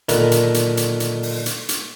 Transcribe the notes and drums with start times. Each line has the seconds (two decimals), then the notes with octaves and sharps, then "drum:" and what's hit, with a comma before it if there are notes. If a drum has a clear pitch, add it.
0.09 B1 A#2 D3 D#3 A#4 B4, drum: hi-hat
0.32 drum: hi-hat
0.54 drum: hi-hat
0.77 drum: hi-hat
1.00 drum: hi-hat
1.23 drum: open hi-hat
1.46 drum: hi-hat
1.69 drum: hi-hat